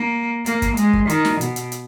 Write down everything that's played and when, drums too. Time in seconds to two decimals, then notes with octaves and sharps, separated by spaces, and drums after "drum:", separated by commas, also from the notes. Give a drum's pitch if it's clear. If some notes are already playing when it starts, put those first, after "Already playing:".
Already playing: A#3
0.46 A#3, drum: hi-hat
0.62 drum: kick, hi-hat
0.77 G#3, drum: hi-hat
0.93 drum: kick
1.09 D#3, drum: hi-hat
1.25 drum: snare
1.41 B2, drum: hi-hat
1.56 drum: hi-hat
1.72 drum: hi-hat